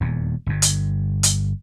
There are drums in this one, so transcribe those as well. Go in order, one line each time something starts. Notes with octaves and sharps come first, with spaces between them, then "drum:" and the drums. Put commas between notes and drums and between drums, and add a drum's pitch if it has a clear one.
D#1 E2
G1 G2
drum: hi-hat
drum: hi-hat